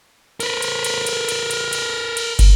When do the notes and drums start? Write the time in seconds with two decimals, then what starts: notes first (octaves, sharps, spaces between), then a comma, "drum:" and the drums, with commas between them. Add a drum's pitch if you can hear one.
0.40 A#4 B4, drum: cymbal
0.62 drum: cymbal
0.84 drum: cymbal
1.07 drum: cymbal
1.29 drum: cymbal
1.51 drum: cymbal
1.73 drum: cymbal
2.17 drum: cymbal
2.39 drum: kick, cymbal